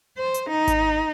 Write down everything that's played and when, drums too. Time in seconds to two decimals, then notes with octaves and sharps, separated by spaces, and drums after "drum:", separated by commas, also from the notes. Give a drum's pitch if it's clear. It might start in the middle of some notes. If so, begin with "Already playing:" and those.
0.18 C5
0.34 drum: hi-hat
0.50 D#4
0.67 drum: kick G#1, hi-hat